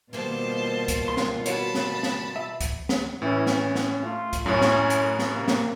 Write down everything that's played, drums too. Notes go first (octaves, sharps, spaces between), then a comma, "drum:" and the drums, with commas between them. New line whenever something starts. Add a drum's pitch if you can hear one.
B2 D#3 G3 A#3 F4 C5 A5
drum: kick C#2, hi-hat
C6
drum: snare
F#4 C#5 A5 B5, drum: hi-hat
drum: snare
drum: snare
E5
drum: kick C#2, hi-hat
drum: snare
A2 E3 C#4
drum: snare
drum: snare
A3 F4
drum: kick C#2, hi-hat
F#2 A2 C#4
drum: snare
drum: hi-hat
drum: snare
C3 A#3
drum: snare